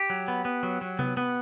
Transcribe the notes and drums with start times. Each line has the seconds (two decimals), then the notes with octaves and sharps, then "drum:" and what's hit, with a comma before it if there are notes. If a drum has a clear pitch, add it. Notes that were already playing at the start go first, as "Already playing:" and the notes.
Already playing: G4
0.10 F#3
0.28 B3
0.45 B3
0.63 F#3
0.81 F#3
0.99 B3, drum: tom C3
1.17 B3